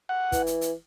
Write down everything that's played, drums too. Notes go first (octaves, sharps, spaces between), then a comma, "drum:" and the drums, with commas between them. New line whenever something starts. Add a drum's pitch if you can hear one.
F#5
E3, drum: kick, hi-hat
drum: hi-hat
drum: hi-hat